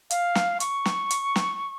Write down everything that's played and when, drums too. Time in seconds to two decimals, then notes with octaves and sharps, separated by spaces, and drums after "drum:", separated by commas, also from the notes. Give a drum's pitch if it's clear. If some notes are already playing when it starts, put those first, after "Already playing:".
0.10 F5, drum: hi-hat
0.35 drum: snare
0.60 C#6, drum: hi-hat
0.85 drum: snare
1.11 drum: hi-hat
1.36 drum: snare